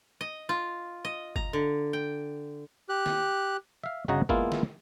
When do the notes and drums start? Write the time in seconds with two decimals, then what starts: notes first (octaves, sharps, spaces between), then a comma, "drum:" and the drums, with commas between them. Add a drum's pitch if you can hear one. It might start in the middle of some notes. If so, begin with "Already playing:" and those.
0.21 D#5
0.49 F4
1.05 D#5
1.36 A#5, drum: kick
1.53 D3
1.93 G5
2.89 G4 F#6
3.06 drum: snare
3.84 E5 F5
4.08 G1 C#3 F#4 D#5 F#5 A#5
4.29 G#3 A#3 B3 E4 F4, drum: kick
4.52 drum: snare